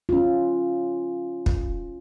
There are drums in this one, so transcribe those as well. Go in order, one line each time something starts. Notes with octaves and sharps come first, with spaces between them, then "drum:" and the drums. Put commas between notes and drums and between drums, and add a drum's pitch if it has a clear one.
C#4 F4
drum: kick